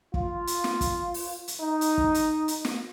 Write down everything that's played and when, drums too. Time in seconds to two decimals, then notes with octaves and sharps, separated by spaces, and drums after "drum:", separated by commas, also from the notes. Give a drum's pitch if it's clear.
0.14 F4, drum: kick
0.47 drum: hi-hat
0.64 drum: snare
0.81 drum: kick, hi-hat
1.14 drum: open hi-hat
1.48 drum: hi-hat
1.60 D#4
1.81 drum: hi-hat
1.98 drum: kick
2.14 drum: hi-hat
2.48 drum: hi-hat
2.65 drum: snare